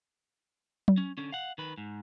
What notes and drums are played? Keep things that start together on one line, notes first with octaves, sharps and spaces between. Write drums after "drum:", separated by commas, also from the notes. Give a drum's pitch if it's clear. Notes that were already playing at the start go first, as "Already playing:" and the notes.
drum: tom F#3
C#4
D3 C#4
F5 F#5
D#3 B4
G#2